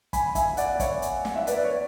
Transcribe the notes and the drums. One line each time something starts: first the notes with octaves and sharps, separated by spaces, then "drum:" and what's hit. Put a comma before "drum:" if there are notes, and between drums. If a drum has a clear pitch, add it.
G#5 B5, drum: kick, hi-hat
E5 G#5, drum: kick, hi-hat
D5 F#5, drum: hi-hat
C#5 E5, drum: kick, hi-hat
drum: hi-hat
F#5, drum: snare
E5
B4 D5, drum: hi-hat
D5
C#5